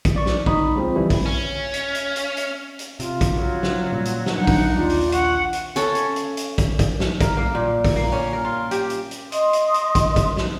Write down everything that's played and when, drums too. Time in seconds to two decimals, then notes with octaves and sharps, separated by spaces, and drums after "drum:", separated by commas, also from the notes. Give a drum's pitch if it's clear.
0.05 drum: kick, hi-hat
0.16 D5 C#6
0.26 drum: snare
0.46 D#4 B5 D#6, drum: kick
0.75 C#2 C#3 F3 C4
0.96 E3 G3 E4
1.10 drum: kick, open hi-hat
1.26 C#4
1.74 drum: hi-hat
1.95 drum: hi-hat
2.16 drum: hi-hat
2.37 drum: hi-hat
2.79 drum: hi-hat
3.00 C3 F4, drum: hi-hat
3.21 drum: kick, hi-hat
3.36 C#3 F#3
3.63 drum: snare
3.92 A#2 G3
4.05 drum: hi-hat
4.26 drum: snare
4.38 D#3 F#3 G3 D4 D#4 F#5
4.47 drum: kick, open hi-hat
4.75 A#1 D#2 D4 F4
4.90 drum: open hi-hat
5.12 F#5 C#6, drum: hi-hat
5.53 drum: hi-hat
5.76 C#4 A4, drum: hi-hat
5.95 drum: hi-hat
6.16 drum: hi-hat
6.37 drum: hi-hat
6.58 drum: kick, hi-hat
6.79 drum: kick, hi-hat
7.00 drum: snare
7.21 A#4, drum: kick, hi-hat
7.37 A#3
7.55 A#2
7.85 drum: kick, open hi-hat
7.96 A#3
8.12 C#4
8.33 A#4
8.45 F4
8.71 G4, drum: hi-hat
8.90 drum: hi-hat
9.11 drum: hi-hat
9.32 D#5 C6 D#6, drum: hi-hat
9.53 drum: hi-hat
9.74 drum: hi-hat
9.95 drum: kick, hi-hat
10.16 drum: kick, hi-hat
10.37 drum: snare